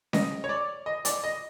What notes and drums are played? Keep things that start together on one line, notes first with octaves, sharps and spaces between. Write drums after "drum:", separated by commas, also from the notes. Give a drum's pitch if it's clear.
D#5, drum: snare C#4
C#5
D5
D#5
D5, drum: hi-hat
D#5